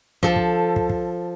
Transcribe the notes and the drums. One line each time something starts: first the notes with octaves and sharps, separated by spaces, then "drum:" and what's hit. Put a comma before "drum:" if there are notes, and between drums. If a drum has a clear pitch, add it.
F3 A4, drum: kick
drum: kick
drum: kick
drum: kick